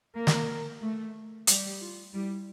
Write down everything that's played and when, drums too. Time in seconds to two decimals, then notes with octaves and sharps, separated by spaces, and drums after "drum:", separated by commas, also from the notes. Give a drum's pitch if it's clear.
0.15 A#3 A#4
0.27 drum: snare
0.81 A3
1.47 G3 G4, drum: hi-hat
1.81 F4
2.13 G3 E4